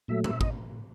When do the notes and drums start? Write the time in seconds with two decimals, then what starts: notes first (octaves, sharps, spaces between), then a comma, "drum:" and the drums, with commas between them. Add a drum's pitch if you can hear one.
0.08 A#2 F#3 A3 E5
0.24 E5, drum: tom A#2
0.41 D#5, drum: kick